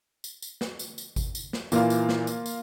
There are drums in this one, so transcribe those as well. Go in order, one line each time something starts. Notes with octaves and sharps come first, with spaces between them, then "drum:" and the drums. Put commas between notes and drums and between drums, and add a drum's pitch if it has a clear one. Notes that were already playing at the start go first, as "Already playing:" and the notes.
drum: tambourine
drum: tambourine
drum: snare
drum: tambourine
drum: tambourine
drum: kick G#1, tambourine
drum: tambourine
drum: snare
A#2 E3 A#3 F4, drum: tambourine
drum: tambourine
drum: snare
drum: tambourine
drum: tambourine